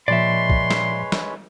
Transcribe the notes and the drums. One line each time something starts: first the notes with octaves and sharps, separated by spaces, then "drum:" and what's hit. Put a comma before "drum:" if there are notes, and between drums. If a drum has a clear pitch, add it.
A#2 F3 G#3 B4 C#5 D5 E5 C6
drum: kick
drum: snare G3
drum: snare G3